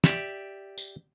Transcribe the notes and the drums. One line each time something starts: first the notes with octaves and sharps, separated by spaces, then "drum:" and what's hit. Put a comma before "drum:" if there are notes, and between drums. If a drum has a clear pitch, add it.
G4 D5 E5, drum: snare
drum: tambourine